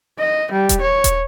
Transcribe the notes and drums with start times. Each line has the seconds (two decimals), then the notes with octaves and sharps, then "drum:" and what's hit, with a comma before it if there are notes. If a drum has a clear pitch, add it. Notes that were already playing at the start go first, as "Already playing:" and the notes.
0.19 D#5
0.52 G3
0.69 drum: kick D#1, hi-hat
0.81 C#5
1.04 drum: kick D#1, hi-hat